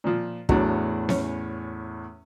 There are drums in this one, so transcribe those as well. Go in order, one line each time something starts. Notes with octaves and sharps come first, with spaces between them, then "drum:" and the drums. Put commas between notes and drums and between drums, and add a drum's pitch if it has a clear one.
A#2 F3
E2 A2 F#3 D4, drum: kick
C#4, drum: snare B3